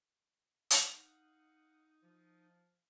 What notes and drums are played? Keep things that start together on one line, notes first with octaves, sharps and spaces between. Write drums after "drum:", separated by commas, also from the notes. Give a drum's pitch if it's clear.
drum: hi-hat
D#4 F5 F#5
F3